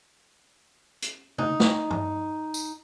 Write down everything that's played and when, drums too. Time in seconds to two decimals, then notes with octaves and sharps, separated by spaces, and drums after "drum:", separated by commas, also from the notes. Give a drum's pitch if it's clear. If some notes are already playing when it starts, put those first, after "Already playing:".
1.02 drum: hi-hat
1.38 D#4, drum: tom
1.60 drum: snare
1.90 drum: tom
2.54 drum: tambourine